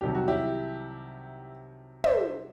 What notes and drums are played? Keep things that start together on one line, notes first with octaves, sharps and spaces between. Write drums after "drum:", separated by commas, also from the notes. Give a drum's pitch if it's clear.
C2 C3 D#3 F#3 G4
F#4
E4 G4
C5 E5, drum: tom